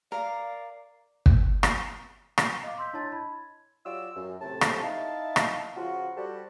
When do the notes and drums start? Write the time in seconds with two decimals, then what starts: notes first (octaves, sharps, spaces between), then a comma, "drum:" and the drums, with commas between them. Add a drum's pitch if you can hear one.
0.12 A#4 D5 F5
1.26 drum: kick
1.63 drum: rim click
2.38 drum: rim click
2.63 D#5 F5 D6
2.78 C6 E6 G6 B6
2.93 D4 E4 C#5 D#5 A5 A6
3.12 B5 G#6
3.85 F#3 F4 G4 D5 E6
4.16 F#2
4.41 A2 C3 A5
4.61 drum: rim click
4.82 D#4 E4 E5 F5 A5
5.36 drum: rim click
5.77 C#3 F3 F4 F#4
6.16 G3 F#4 G4 A4 C5 A5